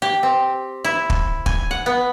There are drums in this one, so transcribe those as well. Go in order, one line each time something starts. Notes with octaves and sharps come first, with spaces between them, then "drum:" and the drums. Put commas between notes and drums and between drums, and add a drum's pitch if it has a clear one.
G4
C4
E4
drum: kick
G#5, drum: kick
F#5
B3